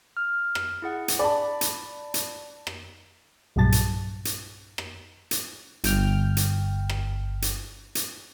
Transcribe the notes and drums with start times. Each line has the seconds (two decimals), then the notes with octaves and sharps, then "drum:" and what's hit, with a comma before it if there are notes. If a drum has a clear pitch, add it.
0.17 F6
0.55 drum: rim click
0.82 E4 G#4 F#5
1.08 drum: hi-hat
1.19 D5 A5 B5
1.61 drum: hi-hat
2.14 drum: hi-hat
2.67 drum: rim click
3.56 B1 G2 A#2 F#3 A5 A6
3.72 drum: hi-hat
4.25 drum: hi-hat
4.78 drum: rim click
5.31 drum: hi-hat
5.84 G1 G5 F6, drum: hi-hat
6.37 drum: hi-hat
6.89 drum: rim click
7.42 drum: hi-hat
7.95 drum: hi-hat